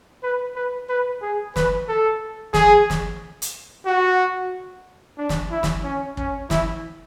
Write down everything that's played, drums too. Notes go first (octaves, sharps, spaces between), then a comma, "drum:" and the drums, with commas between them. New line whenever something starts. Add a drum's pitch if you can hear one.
B4
B4
B4
G#4
B4, drum: snare
A4
G#4, drum: snare
drum: snare
drum: hi-hat
F#4
D4
drum: snare
E4
drum: snare
C#4
C#4, drum: kick
E4, drum: snare